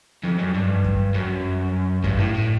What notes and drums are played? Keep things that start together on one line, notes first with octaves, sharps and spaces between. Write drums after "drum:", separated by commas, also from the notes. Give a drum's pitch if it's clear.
F2
F#2
G2
drum: kick
F#2
G2, drum: kick
A2
A2